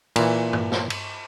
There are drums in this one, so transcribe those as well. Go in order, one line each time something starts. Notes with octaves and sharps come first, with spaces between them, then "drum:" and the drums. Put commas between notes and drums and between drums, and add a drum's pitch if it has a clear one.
A#2 E3, drum: cymbal
drum: tom G2
drum: snare
drum: cymbal